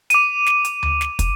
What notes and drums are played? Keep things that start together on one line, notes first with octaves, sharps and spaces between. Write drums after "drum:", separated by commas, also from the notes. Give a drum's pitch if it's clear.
D6 D#7, drum: hi-hat
drum: snare
drum: hi-hat
drum: tom D2
drum: snare
drum: kick, hi-hat